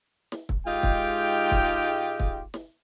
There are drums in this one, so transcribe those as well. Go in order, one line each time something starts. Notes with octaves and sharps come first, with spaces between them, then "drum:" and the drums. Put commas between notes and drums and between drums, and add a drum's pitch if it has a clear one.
drum: snare
drum: kick
G#2 G#3 D#4 F4 G4 G5
drum: kick
drum: kick
drum: kick
drum: snare